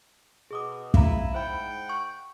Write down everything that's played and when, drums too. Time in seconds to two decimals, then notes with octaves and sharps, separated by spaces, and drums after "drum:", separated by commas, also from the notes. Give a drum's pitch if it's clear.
0.51 B2 G#4 D6 D#6
0.94 E4 F5 A#5, drum: kick
1.35 G#2 C5 E5 F#5 G5 B5
1.89 C#6 G6